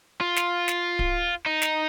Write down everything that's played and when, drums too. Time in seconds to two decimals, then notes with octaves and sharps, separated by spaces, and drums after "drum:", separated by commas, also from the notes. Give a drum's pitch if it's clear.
0.21 F4
0.36 drum: snare
0.68 drum: snare
0.99 drum: kick D1
1.46 D#4
1.62 drum: snare